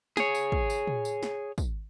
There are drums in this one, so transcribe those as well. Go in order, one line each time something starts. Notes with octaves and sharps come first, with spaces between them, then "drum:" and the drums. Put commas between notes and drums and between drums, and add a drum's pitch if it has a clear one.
G#4 C#5, drum: snare
drum: tambourine
drum: kick
drum: tambourine
drum: tom
drum: tambourine
drum: snare
drum: kick, tambourine